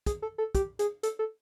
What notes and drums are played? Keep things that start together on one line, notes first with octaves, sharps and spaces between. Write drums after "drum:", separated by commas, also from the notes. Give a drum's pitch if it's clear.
G#4, drum: kick, hi-hat
A4
A4
G4, drum: kick, hi-hat
G#4, drum: hi-hat
A4, drum: hi-hat
A4